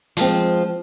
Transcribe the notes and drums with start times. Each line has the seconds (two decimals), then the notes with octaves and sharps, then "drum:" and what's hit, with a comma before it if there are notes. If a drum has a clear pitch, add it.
0.17 F3 G#3 C4, drum: hi-hat